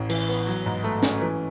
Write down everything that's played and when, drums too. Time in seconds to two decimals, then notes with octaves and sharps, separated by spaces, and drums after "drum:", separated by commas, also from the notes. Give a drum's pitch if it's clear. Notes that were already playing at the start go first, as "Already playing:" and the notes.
Already playing: A1 A2
0.10 E3, drum: cymbal
0.29 B3
0.47 F#3
0.66 G#2
0.84 A3
1.03 C#4, drum: snare
1.21 E3